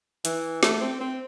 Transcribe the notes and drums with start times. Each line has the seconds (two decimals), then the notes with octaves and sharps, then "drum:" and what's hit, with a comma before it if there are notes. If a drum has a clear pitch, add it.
0.25 E3, drum: hi-hat
0.63 A3, drum: snare
0.81 C4
1.01 C4